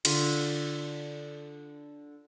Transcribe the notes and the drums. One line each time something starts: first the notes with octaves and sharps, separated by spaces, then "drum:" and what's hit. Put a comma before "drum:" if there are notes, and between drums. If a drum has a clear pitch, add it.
D3 D4 F4, drum: cymbal